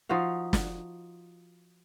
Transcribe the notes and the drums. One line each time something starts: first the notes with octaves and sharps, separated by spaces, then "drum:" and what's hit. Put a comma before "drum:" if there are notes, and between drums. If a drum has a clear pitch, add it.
F3 D#4 F#4 F5
drum: snare